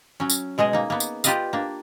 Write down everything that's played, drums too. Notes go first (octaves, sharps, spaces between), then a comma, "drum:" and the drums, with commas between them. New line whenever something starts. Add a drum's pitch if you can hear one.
F#3 C#4
drum: tambourine
B2 G#3 G#4 D#5
A#3 D#4
A#3 B3
drum: tambourine
F4 G4 B4 D5 D#5 F5, drum: tambourine
A#3 D4